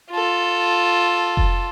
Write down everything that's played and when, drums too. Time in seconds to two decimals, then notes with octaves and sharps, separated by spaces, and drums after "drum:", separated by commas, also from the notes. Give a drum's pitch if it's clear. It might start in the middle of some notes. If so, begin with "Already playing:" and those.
0.11 F4 A4
1.37 drum: kick F1